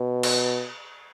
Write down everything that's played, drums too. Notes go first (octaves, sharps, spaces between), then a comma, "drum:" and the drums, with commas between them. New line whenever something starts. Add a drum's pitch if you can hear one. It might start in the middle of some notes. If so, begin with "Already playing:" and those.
Already playing: B2
drum: cymbal